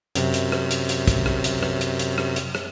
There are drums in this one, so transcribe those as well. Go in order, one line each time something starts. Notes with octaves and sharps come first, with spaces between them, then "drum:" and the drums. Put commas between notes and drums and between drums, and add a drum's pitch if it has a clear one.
F#2 C3, drum: hi-hat
drum: hi-hat
drum: rim click
drum: hi-hat
drum: hi-hat
drum: kick, hi-hat
drum: rim click
drum: hi-hat
drum: rim click
drum: hi-hat
drum: hi-hat
drum: rim click
drum: hi-hat
drum: rim click